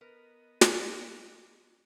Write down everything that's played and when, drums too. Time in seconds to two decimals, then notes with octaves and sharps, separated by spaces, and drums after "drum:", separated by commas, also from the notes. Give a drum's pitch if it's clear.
0.01 B3 A#4 B4 D#5
0.61 drum: snare